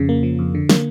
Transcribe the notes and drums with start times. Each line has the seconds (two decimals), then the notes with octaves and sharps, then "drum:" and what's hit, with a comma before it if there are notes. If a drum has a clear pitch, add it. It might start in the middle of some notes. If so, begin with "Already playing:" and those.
Already playing: F2 C#3 F3
0.09 A#3
0.23 F3
0.39 F2
0.55 D3
0.69 A#3, drum: snare